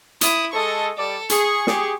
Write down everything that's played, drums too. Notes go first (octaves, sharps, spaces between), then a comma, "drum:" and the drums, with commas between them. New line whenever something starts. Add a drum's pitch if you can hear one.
E4 D#6, drum: hi-hat
G#3 A4 D#5 C#6
G3 A4 D5
G#4 C#6, drum: hi-hat
G4 G#4, drum: snare